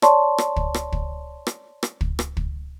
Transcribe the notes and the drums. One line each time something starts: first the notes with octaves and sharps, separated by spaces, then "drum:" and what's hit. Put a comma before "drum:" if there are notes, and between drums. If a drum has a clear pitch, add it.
C#5 D5 A5 C6 C#6, drum: rim click
drum: rim click
drum: kick
drum: rim click
drum: kick
drum: rim click
drum: rim click
drum: kick
drum: rim click
drum: kick